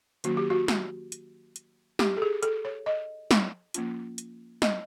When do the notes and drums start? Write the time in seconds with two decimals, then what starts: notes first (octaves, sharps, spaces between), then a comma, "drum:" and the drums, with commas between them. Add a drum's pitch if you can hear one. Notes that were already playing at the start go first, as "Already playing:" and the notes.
0.24 D#3 F#3 A#3 C#4 F#4, drum: hi-hat
0.37 G4
0.50 F#4
0.68 drum: snare
1.12 drum: hi-hat
1.56 drum: hi-hat
1.99 G4, drum: snare
2.17 A4
2.22 G#4
2.43 A4, drum: hi-hat
2.65 C#5
2.86 D#5
3.31 drum: snare
3.74 F3 A#3 C#4 F4, drum: hi-hat
4.18 drum: hi-hat
4.62 D#5, drum: snare